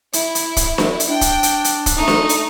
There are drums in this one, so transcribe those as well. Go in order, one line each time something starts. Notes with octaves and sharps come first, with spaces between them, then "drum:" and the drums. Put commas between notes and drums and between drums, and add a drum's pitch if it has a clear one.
E4, drum: hi-hat
drum: hi-hat
drum: kick, hi-hat
drum: snare D4
drum: hi-hat
D4 G5
drum: kick, hi-hat
drum: hi-hat
drum: hi-hat
drum: kick, hi-hat
A3 D#4
drum: snare D4
drum: hi-hat